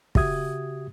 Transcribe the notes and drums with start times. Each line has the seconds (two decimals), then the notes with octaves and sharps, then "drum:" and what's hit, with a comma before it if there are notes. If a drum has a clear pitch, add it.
0.15 C#3 F#4 G4 E5 D#6 G#6, drum: kick